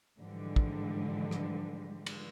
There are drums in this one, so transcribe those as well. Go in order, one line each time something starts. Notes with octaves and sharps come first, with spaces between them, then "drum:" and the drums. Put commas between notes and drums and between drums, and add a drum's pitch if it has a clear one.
G#2 D3 E3 F3 G3 G#3
drum: kick
drum: rim click
drum: cymbal